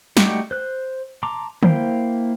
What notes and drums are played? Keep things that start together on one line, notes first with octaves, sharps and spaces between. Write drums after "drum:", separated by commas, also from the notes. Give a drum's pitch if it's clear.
G3 A3 D#4 F#4 G4, drum: snare
C5 F#6
A5 A#5 C6 D6
A#3 E4 C5 F5 G5, drum: tom